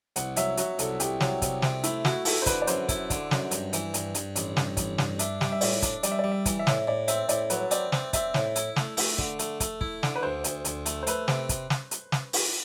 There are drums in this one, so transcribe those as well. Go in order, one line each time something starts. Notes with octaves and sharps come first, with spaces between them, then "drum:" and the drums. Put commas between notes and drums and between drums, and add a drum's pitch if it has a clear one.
C2 F#5, drum: hi-hat
F#3 E5, drum: hi-hat
F#3 F#4, drum: hi-hat
C2 A4, drum: hi-hat
C2 G4, drum: hi-hat
F#3, drum: snare
C2, drum: kick, hi-hat
C3, drum: snare
A3 E4, drum: hi-hat
E4 F#4, drum: snare
E4 A4, drum: open hi-hat
C5
D3 B4, drum: kick, hi-hat
D5
F#2 C5, drum: hi-hat
E4, drum: kick, hi-hat
D3, drum: kick, hi-hat
F#2, drum: snare
G2, drum: hi-hat
E3, drum: hi-hat
G2, drum: hi-hat
G2, drum: hi-hat
A1, drum: hi-hat
G2, drum: snare
A1, drum: kick, hi-hat
G2, drum: snare
D4 E5, drum: hi-hat
G3, drum: snare
E5
A2 D5, drum: open hi-hat
D4, drum: kick, hi-hat
G3 D5, drum: hi-hat
E5
G3 D5
E5
E3, drum: kick, hi-hat
E5
A2, drum: snare
A2 D5
C4 E5, drum: hi-hat
A2 D5, drum: hi-hat
F#3 B4, drum: hi-hat
C4 D5, drum: hi-hat
C4, drum: snare
C4 E5, drum: kick, hi-hat
A2, drum: snare
E4, drum: hi-hat
A3, drum: snare
A3, drum: open hi-hat
D3, drum: kick
A3, drum: hi-hat
A3, drum: kick, hi-hat
E4, drum: kick
D3, drum: snare
B4
D2 C5
D2, drum: hi-hat
D2, drum: hi-hat
A3, drum: hi-hat
C5
A3 B4, drum: hi-hat
C3, drum: snare
drum: kick, hi-hat
drum: snare
drum: hi-hat
drum: snare
drum: open hi-hat